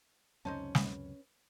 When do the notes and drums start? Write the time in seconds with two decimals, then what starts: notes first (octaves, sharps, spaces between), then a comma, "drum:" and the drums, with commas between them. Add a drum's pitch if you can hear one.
0.45 C#2 F#2 C3 C#4 D#4 C5 A5
0.75 B4, drum: snare